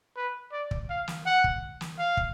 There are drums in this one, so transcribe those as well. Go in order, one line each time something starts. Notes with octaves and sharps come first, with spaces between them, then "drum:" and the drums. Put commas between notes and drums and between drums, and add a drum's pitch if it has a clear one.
B4
D5
drum: kick
F5
drum: snare
F#5
drum: kick
drum: snare
F5
drum: kick